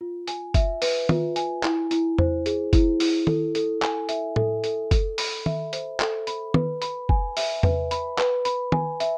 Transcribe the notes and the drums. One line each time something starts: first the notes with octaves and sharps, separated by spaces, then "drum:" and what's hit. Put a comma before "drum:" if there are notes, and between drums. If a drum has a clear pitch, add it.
F4
G#5, drum: hi-hat
E5, drum: kick, hi-hat
B4, drum: open hi-hat
F4, drum: tom
G#5, drum: hi-hat
E4, drum: clap
E4, drum: hi-hat
C5, drum: tom E2
G#4, drum: hi-hat
E4, drum: kick, hi-hat
E4, drum: open hi-hat
A4, drum: tom D#3
A4, drum: hi-hat
G#5, drum: clap
E5, drum: hi-hat
A4, drum: tom A2
A4, drum: hi-hat
A4, drum: kick, hi-hat
B5, drum: open hi-hat
E5, drum: tom D#3
C5, drum: hi-hat
A4, drum: clap
B5, drum: hi-hat
B4, drum: tom
B5, drum: hi-hat
G#5, drum: kick
E5, drum: open hi-hat
B4, drum: tom E2
B5, drum: hi-hat
B4, drum: clap
B5, drum: hi-hat
G#5, drum: tom
E5, drum: hi-hat